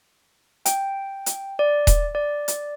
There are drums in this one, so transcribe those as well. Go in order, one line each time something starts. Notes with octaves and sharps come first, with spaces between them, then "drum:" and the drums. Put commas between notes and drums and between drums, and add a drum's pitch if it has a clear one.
G5, drum: hi-hat
drum: hi-hat
D5
drum: kick D#1, hi-hat
D5
drum: hi-hat